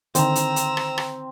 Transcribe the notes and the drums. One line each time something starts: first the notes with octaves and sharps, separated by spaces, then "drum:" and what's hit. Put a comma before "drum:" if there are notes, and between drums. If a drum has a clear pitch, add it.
D3 D#3 C4 A#5 E6, drum: hi-hat
drum: hi-hat
drum: hi-hat
drum: rim click
drum: rim click